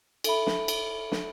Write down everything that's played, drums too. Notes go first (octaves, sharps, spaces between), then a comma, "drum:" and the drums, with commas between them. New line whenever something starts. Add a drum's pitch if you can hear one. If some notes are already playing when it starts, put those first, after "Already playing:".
A4 E5 B5, drum: cymbal
drum: snare
drum: cymbal
drum: snare